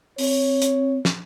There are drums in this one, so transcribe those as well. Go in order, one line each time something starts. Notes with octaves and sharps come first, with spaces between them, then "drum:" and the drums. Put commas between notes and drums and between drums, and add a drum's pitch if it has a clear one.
C4 C#5, drum: open hi-hat
drum: hi-hat
drum: snare